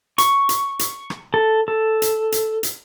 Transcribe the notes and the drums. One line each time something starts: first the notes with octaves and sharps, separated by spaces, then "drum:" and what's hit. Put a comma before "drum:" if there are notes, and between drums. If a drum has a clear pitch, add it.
C#6, drum: hi-hat
drum: hi-hat
drum: hi-hat
drum: rim click
A4
A4
drum: hi-hat
drum: hi-hat
drum: hi-hat